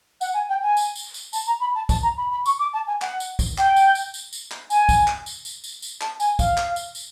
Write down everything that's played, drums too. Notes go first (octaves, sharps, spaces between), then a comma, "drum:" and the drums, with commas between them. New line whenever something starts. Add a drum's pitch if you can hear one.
F#5, drum: tambourine
G#5
G5
G#5
drum: tambourine
drum: tambourine
drum: tambourine
A5, drum: tambourine
A#5
B5
A5
A5, drum: kick, tambourine
A#5
B5
B5
C#6, drum: tambourine
D6
A5
G#5
F#5, drum: clap
drum: tambourine
drum: kick, tambourine
G5, drum: clap
drum: tambourine
drum: tambourine
drum: tambourine
drum: tambourine
drum: clap
G#5, drum: tambourine
drum: kick, tambourine
drum: clap
drum: tambourine
drum: tambourine
drum: tambourine
drum: tambourine
A5, drum: clap
G#5, drum: tambourine
F5, drum: kick, tambourine
drum: clap
drum: tambourine
drum: tambourine